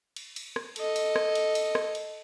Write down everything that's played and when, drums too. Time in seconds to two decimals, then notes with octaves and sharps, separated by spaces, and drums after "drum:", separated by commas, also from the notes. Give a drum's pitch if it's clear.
0.16 drum: cymbal
0.36 drum: cymbal
0.56 drum: rim click
0.76 A4 D#5, drum: cymbal
0.96 drum: cymbal
1.16 drum: rim click
1.35 drum: cymbal
1.55 drum: cymbal
1.75 drum: rim click
1.95 drum: cymbal